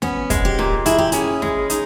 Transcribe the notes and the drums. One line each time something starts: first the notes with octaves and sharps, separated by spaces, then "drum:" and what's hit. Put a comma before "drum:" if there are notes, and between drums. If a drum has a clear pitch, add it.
B3 C#4, drum: snare
G#3, drum: kick, hi-hat
G4
A#2, drum: snare
E4 G#4, drum: hi-hat
G4
C#4 G#4, drum: hi-hat
G#3, drum: snare
D#4, drum: hi-hat